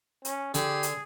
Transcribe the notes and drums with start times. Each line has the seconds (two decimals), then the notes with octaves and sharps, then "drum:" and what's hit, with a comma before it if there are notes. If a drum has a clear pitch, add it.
0.25 C#4, drum: hi-hat
0.54 D3 G4 G#4, drum: hi-hat
0.83 drum: hi-hat